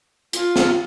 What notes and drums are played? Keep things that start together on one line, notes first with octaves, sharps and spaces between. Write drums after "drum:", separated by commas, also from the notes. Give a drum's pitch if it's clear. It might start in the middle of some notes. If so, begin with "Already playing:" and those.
F4, drum: hi-hat
drum: snare